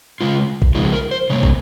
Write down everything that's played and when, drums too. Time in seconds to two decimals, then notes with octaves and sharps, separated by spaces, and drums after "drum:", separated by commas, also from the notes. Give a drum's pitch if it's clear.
0.21 C#3 G#3 F4
0.62 drum: kick
0.75 C#3 F3 G#3 D#4
0.93 A#4
1.11 C5
1.30 C3 G3 A#3 C#5
1.43 drum: kick